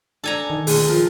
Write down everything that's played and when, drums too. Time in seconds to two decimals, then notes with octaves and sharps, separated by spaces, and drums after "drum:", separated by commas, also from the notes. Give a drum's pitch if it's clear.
0.24 D4 A4 G#5 A#5
0.50 D#3
0.67 D2 A#2 G#4, drum: open hi-hat
0.88 F3 F4 A#4